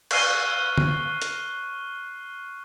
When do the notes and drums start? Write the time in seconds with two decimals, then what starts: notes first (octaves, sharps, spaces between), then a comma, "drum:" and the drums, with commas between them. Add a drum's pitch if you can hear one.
0.11 C#6 F6 F#6 C7 D#7 G7, drum: cymbal
0.78 drum: tom D3
1.22 drum: hi-hat